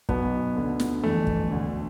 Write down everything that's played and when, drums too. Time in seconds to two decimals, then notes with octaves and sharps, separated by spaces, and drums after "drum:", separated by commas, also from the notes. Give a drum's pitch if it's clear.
0.09 B1 B2 B3, drum: kick
0.56 D2 D3
0.80 drum: snare
1.03 G1 F2 E3 A3
1.27 drum: kick
1.51 E1 D2 D3